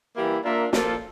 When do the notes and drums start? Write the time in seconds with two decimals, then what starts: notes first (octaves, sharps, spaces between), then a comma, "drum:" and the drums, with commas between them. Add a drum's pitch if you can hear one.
0.15 E3 G3 A#3 E4
0.44 A#3 D4 F4 A#4 E5
0.73 A#2 F3 A#3 F4 A4, drum: snare